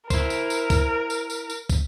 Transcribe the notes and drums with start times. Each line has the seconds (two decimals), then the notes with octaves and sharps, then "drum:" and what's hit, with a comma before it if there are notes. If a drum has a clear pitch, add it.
0.10 E4 A#4 C5, drum: kick, tambourine
0.30 drum: tambourine
0.50 drum: tambourine
0.70 drum: kick, tambourine
1.10 drum: tambourine
1.30 drum: tambourine
1.50 drum: tambourine
1.70 drum: kick, tambourine